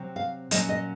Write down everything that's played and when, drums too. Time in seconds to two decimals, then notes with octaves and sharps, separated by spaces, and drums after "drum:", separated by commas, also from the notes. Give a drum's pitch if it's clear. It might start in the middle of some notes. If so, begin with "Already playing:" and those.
Already playing: C3 F#3 C4
0.16 F5
0.51 A#2 F#3 C#4 D#5, drum: hi-hat
0.69 D#5